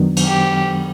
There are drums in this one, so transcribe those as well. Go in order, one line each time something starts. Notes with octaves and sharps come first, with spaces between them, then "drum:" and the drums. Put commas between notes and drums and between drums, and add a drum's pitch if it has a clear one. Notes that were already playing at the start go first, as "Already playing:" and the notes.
Already playing: F#2 D#3 F#3 B3 D4
drum: cymbal
G4